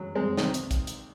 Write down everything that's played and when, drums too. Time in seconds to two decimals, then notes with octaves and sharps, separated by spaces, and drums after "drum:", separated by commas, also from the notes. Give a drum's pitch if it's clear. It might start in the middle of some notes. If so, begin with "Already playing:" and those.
Already playing: F#3 G#3
0.15 G#3 C4
0.37 C2 C3 D#3 C4 D#4, drum: snare
0.54 drum: hi-hat
0.71 drum: kick, hi-hat
0.87 drum: hi-hat